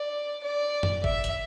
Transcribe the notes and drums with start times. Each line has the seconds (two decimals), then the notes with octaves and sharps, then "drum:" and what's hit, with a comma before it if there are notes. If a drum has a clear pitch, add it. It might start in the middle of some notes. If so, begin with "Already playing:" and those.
Already playing: D5
0.43 D5
0.83 drum: tom F#2
1.04 E5, drum: kick G1
1.24 drum: hi-hat